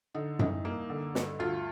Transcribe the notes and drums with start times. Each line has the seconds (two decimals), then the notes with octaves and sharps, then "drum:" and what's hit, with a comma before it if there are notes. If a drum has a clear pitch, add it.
0.15 D3 D#4
0.39 C2 D#4, drum: tom F#2
0.65 A#3
0.89 D3
1.15 G2, drum: snare
1.39 D2 F4